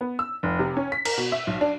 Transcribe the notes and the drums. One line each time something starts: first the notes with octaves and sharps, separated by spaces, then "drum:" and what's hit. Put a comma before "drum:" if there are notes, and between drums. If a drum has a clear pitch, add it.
B3
E6
F1
C3
C#4
B6
A#4, drum: cymbal
B2
E5
B1
D4